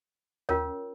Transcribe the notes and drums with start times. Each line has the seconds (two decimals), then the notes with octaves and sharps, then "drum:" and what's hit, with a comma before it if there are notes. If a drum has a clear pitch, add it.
0.49 C#4 F4 A#4 C#5, drum: tom D#2